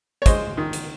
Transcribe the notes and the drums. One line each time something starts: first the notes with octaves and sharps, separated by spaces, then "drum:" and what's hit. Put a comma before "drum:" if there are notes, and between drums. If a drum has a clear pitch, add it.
C#5
G#3 C5 D#5, drum: kick, hi-hat
D#3
drum: hi-hat